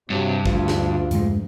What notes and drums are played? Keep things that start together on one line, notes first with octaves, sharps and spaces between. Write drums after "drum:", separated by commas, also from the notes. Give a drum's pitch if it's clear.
G2 C3 F#3
D2 F4, drum: kick
drum: snare
F2 G#2 G#3, drum: hi-hat